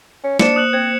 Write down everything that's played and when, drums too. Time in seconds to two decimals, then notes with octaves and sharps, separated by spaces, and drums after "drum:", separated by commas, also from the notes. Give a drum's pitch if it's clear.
0.24 C#4
0.39 A#3 D4 C5 C#7 E7, drum: snare
0.56 D#6 F#6 F#7
0.73 C4 G#6